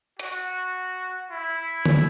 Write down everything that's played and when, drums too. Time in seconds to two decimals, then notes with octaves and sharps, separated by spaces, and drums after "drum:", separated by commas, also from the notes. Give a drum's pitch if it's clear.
0.19 F#4, drum: hi-hat
1.31 E4
1.85 drum: tom